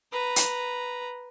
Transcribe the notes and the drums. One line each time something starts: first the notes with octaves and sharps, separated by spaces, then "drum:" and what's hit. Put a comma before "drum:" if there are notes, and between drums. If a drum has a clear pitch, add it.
B4 A#5
drum: hi-hat